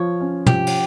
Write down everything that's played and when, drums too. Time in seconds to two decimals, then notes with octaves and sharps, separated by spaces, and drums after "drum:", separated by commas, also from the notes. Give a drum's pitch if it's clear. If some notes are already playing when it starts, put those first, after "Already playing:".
Already playing: F3 F4 C#5
0.21 C#4
0.46 F3 G4, drum: tom
0.67 drum: cymbal